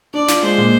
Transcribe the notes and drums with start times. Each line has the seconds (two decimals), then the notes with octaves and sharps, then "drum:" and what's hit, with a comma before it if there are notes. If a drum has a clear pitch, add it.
0.14 D4 D5
0.28 F4, drum: snare
0.43 G#3 C5
0.58 A#2